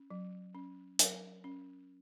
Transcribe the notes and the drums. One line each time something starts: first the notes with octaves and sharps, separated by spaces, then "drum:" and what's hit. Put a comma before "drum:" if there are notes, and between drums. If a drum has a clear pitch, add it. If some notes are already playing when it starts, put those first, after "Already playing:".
Already playing: C#4
F#3
C#4
F#3 A#4, drum: hi-hat
C#4